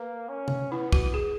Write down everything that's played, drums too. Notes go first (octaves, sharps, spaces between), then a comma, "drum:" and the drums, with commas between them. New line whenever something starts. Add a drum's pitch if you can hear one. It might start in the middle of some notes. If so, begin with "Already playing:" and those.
Already playing: A#3 B4
C#4
drum: tom C3
B3 E4
F#4, drum: kick
G#4